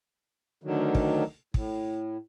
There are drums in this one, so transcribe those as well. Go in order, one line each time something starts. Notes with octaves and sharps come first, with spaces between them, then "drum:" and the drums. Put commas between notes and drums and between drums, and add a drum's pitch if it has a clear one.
D2 D3 D#3 F#3
drum: kick
A2, drum: kick